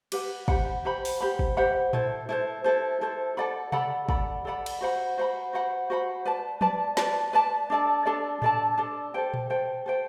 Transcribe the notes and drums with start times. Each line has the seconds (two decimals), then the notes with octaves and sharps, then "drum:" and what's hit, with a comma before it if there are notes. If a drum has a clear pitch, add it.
0.12 G4 B4 F#5, drum: cymbal
0.48 G4 C5 F#5 B5, drum: kick
0.85 G4 C5 F#5 B5
1.05 drum: open hi-hat
1.20 G4 C5 F#5 B5
1.39 drum: kick
1.57 G4 C5 F#5 B5
1.93 E4 A4 C5, drum: tom A2
2.29 E4 A4 C5
2.64 E4 A4 C5
3.01 E4 A4 C5
3.37 A4 D5 F#5 B5
3.72 A4 D5 F#5 B5, drum: tom C3
4.09 A4 D5 F#5 B5, drum: kick
4.45 A4 D5 F#5 B5
4.66 drum: cymbal
4.81 F#4 C5 F#5 B5
5.17 F#4 C5 F#5 B5
5.53 F#4 C5 F#5 B5
5.90 F#4 C5 F#5 B5
6.25 B4 D5 A5
6.61 B4 D5 A5, drum: tom F3
6.97 B4 D5 A5, drum: snare
7.33 B4 D5 A5
7.70 D4 A4 D5 A5
8.05 D4 A4 D5 A5
8.42 D4 A4 D5 A5, drum: tom A2
8.78 D4 A4 D5 A5
9.14 A4 C5 G5
9.34 drum: tom A#2
9.50 A4 C5 G5
9.86 A4 C5 G5